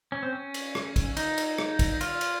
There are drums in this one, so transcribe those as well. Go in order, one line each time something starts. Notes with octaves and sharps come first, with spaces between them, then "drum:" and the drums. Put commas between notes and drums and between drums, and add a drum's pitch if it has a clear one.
C#4
C4
C#4
drum: cymbal
drum: rim click
drum: kick, cymbal
D#4, drum: cymbal
drum: cymbal
drum: rim click
drum: kick, cymbal
F4, drum: cymbal
drum: cymbal